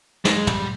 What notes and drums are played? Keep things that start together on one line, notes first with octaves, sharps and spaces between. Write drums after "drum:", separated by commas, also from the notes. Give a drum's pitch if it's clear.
G#3, drum: snare
G3, drum: tom